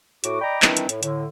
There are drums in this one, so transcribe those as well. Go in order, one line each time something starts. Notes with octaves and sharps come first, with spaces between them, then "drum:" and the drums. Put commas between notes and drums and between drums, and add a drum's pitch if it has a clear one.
A2 F#4 D6, drum: hi-hat
D5 D#5 G5 A#5 B5 D6
D#3 E3 G3 C4 D4 E4, drum: clap
drum: hi-hat
A2, drum: hi-hat
A2 D3, drum: hi-hat